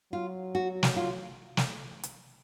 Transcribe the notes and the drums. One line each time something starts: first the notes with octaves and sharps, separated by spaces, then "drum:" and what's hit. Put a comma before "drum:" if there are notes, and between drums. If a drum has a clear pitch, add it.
F#3 F4
F#4
drum: snare
F4
drum: snare
drum: hi-hat